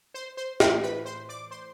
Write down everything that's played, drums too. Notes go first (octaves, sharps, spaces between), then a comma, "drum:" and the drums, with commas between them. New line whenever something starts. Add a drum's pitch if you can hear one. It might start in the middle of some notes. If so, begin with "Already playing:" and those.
C5 C6
C5 C6
A2 E3 C5 C6, drum: snare
B4 B5
C5 C6
D5 D6
C5 C6